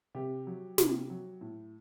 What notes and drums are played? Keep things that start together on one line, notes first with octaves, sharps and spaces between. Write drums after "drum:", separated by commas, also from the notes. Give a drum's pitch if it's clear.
C3 G4
F#3
C3, drum: snare
F#3
A2